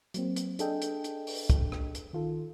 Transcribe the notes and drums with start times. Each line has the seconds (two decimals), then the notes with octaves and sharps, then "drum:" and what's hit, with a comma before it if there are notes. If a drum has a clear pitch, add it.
0.14 F#3 A#3 C4, drum: hi-hat
0.36 drum: hi-hat
0.59 D4 G#4 A4 D#5 G5, drum: hi-hat
0.82 drum: hi-hat
1.04 drum: hi-hat
1.27 drum: open hi-hat
1.50 drum: kick, hi-hat
1.72 drum: rim click
1.95 drum: hi-hat
2.13 D#3 F4 A4